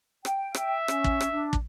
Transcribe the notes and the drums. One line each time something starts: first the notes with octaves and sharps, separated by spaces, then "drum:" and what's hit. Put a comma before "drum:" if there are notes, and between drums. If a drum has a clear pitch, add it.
G5, drum: rim click
E5, drum: rim click
C#4, drum: rim click
drum: kick
drum: rim click
D4
drum: kick